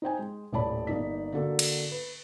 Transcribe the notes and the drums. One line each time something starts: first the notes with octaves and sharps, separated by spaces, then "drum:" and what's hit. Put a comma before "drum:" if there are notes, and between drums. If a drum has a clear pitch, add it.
D#4 C5 G5 G#5
G#3
D#1 A2 C#5 D5 A5 B5
G1 A#3 D#4 D5 B6
D3 A#3 F#4 A4 D5
drum: cymbal
B4